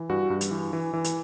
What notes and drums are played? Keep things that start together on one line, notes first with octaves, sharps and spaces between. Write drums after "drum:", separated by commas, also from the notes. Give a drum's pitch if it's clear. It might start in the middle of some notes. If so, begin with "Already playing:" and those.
Already playing: E3
G2 F#4
G2
drum: hi-hat
E3
E3
E3
drum: hi-hat